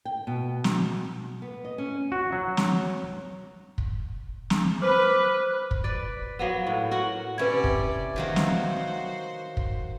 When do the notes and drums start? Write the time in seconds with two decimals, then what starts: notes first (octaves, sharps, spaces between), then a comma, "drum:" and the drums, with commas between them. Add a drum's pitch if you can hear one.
0.05 G5
0.27 B2
0.64 drum: snare
1.42 B3
1.65 D#5
1.78 C#4
2.12 F#4
2.32 F#3
2.57 drum: snare
3.78 drum: kick
4.50 drum: snare
4.82 B4 C5 D6 F6
5.71 drum: kick
5.84 B4 D5
6.39 F#3 A#3 B3
6.67 A2
6.91 F#4 A#4 F#5
7.38 C3 C#4 E4 G4 B4 D5 G#6
7.64 drum: kick
8.16 D#3 F#3 A#3 F#4 C5
8.36 drum: snare
9.57 drum: kick